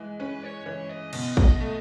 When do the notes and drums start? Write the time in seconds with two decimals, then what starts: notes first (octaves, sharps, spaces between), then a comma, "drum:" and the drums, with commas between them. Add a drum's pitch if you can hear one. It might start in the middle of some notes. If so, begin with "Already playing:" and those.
Already playing: E3 G#3
0.20 C#4 B4
0.43 C#5
0.66 E3 C#5
0.89 D#5
1.13 B2 D#5, drum: cymbal
1.37 drum: kick
1.60 A3